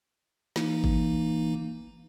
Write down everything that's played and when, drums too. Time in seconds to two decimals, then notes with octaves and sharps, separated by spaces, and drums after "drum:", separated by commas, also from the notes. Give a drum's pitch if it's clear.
0.56 E3 A#3 D#4, drum: snare
0.84 drum: kick G#1